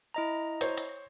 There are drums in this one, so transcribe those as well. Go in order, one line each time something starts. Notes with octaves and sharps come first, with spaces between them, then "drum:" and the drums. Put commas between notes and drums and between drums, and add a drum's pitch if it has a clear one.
E4 D#5 A#5
C5 C#5, drum: hi-hat
drum: hi-hat